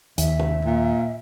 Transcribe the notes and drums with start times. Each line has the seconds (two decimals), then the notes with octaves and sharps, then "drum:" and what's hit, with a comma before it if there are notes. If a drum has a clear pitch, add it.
0.18 D#2 E5, drum: hi-hat
0.39 drum: tom
0.65 A#2